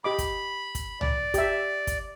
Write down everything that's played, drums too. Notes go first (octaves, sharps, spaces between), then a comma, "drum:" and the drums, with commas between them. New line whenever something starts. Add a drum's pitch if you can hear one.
G4 D#5 B5 D6
drum: kick, hi-hat
drum: kick, hi-hat
D5, drum: tom C2
G4 E5, drum: kick, hi-hat
drum: kick, hi-hat